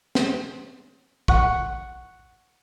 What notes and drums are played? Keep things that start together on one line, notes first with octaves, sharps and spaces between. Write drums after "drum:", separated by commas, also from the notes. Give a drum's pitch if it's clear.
drum: snare
F#5 C#6, drum: kick A#1